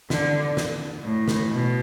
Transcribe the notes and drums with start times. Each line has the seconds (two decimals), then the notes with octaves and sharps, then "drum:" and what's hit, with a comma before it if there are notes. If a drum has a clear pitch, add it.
0.10 D3, drum: snare
0.57 drum: snare
1.05 A2
1.28 drum: snare
1.51 B2